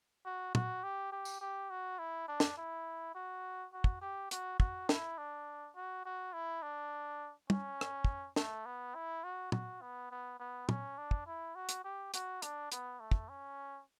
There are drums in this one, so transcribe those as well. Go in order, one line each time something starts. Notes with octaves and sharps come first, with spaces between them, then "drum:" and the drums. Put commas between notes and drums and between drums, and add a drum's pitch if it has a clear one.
F#4
F#4, drum: tom
G4
G4
drum: tambourine
G4
F#4
E4
D4
drum: snare
E4
F#4
F#4
drum: kick
G4
F#4, drum: hi-hat
F#4, drum: kick
E4, drum: snare
D4
F#4
F#4
E4
D4
C#4, drum: tom
drum: rim click
drum: kick
A3, drum: snare
B3
E4
F#4
F#4, drum: tom
B3
B3
B3
C#4, drum: tom
D4
drum: kick
E4
F#4
drum: hi-hat
G4
F#4, drum: hi-hat
D4, drum: hi-hat
B3, drum: hi-hat
A3
drum: kick
C#4